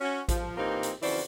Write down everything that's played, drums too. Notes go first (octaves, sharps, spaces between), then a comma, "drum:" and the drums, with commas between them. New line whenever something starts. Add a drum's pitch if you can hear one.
C#4 F#4
F3, drum: kick A1, hi-hat
A#2 E3 A#3 C4 D#4 G4
drum: hi-hat
F2 C#3 E3 F#4 C5 D5, drum: open hi-hat